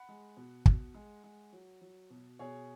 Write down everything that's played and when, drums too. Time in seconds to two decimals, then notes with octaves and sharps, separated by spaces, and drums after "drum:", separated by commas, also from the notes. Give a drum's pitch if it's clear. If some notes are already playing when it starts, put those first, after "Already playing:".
Already playing: F#5 B5
0.09 G#3
0.37 B2
0.66 B2, drum: kick
0.94 G#3
1.24 G#3
1.53 F#3
1.81 F#3
2.10 B2
2.39 B2 G#4 C#5